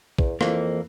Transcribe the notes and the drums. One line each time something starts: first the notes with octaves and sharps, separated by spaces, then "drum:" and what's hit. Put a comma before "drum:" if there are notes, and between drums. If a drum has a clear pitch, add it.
E2, drum: kick
F2 E3 A#3, drum: rim click